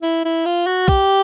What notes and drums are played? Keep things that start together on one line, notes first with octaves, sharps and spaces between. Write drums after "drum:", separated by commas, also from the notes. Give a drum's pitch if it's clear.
E4, drum: tambourine
E4
F4
F#4
G4, drum: kick, tambourine